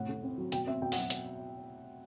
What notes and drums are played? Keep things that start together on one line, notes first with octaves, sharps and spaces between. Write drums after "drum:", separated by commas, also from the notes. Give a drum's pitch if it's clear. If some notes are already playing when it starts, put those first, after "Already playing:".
Already playing: A2 C3 F#5
A3
C4
F#3
B2 G5, drum: hi-hat
C4 E5
B2 G5
F#3 F#5, drum: open hi-hat
drum: hi-hat